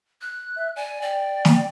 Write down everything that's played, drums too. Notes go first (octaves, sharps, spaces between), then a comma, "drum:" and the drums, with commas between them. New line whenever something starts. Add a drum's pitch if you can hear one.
F#6
E5
D5 G#5
D5 G5
drum: snare